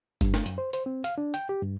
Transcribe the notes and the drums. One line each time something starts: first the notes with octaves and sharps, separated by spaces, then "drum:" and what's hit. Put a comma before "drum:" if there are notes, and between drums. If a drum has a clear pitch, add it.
G2, drum: kick F#1, hi-hat
A3, drum: snare
F#2, drum: hi-hat
C5
C5, drum: hi-hat
C4
F5, drum: hi-hat
D4
G5, drum: hi-hat
G4
G2